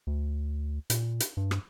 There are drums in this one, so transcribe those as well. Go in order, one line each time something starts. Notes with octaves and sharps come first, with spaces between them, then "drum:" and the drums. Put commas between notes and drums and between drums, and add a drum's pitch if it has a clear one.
D2
A#2, drum: hi-hat
drum: hi-hat
G2
drum: rim click